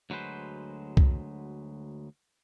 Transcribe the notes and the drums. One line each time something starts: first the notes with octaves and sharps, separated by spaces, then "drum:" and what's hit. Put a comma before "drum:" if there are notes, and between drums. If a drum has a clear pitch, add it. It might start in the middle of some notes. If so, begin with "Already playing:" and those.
D2 F#3 G#3 B4 C5
drum: kick C2